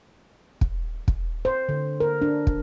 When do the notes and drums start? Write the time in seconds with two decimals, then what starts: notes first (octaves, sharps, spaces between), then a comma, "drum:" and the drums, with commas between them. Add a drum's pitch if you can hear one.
0.61 drum: kick
1.08 drum: kick
1.45 C5
1.69 D3
2.00 A#4
2.22 D4
2.47 drum: kick